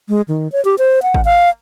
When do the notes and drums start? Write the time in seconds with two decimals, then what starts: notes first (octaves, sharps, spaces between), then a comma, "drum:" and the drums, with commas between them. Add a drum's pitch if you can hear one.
0.09 G#3
0.28 D#3
0.52 C#5
0.65 G4
0.78 C5
1.03 F#5
1.14 drum: kick G#1
1.25 F5